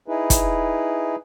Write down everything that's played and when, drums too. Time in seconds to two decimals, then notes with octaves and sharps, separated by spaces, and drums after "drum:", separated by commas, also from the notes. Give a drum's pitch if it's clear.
0.08 D#4 E4 G#4 B4
0.30 drum: kick, hi-hat